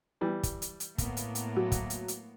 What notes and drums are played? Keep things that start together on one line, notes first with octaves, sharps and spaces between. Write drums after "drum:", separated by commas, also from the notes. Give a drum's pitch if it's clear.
E3 G3
drum: kick, hi-hat
drum: hi-hat
drum: hi-hat
A2 A#3 B3, drum: kick, hi-hat
drum: hi-hat
drum: hi-hat
F#3
drum: kick, hi-hat
drum: hi-hat
drum: hi-hat